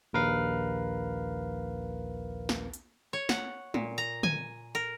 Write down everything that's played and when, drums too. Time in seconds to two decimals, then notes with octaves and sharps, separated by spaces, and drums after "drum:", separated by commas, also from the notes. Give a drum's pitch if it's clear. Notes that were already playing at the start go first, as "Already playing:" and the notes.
0.13 A#1 D#2 A#4 B4 F5
2.49 drum: snare
2.74 drum: hi-hat
3.13 C#5
3.29 F#5, drum: snare
3.74 A#2, drum: tom
3.98 A#5
4.23 G#5, drum: tom
4.75 A#4